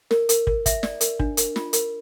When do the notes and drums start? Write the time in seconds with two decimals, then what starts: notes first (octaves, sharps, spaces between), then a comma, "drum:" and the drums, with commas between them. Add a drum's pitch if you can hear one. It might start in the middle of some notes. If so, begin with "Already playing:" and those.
0.11 A#4, drum: snare
0.29 A#4, drum: hi-hat
0.47 A#4, drum: kick
0.66 E5, drum: kick, hi-hat
0.83 D5, drum: snare
1.01 A#4, drum: hi-hat
1.19 D4, drum: kick
1.37 A#4, drum: hi-hat
1.56 F4, drum: snare
1.73 A#4, drum: hi-hat